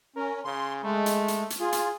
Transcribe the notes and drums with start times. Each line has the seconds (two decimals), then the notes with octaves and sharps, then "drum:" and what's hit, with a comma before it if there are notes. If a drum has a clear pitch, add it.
0.16 C#4 A#4
0.45 C#3 C6
0.84 G#3 A3
1.06 drum: hi-hat
1.28 drum: hi-hat
1.50 drum: hi-hat
1.60 F4 G#4
1.73 drum: hi-hat